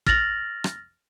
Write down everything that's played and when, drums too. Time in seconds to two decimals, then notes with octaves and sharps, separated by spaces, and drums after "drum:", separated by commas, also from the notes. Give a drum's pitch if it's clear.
0.06 F6 A6 A#6 F7 F#7, drum: kick
0.64 drum: rim click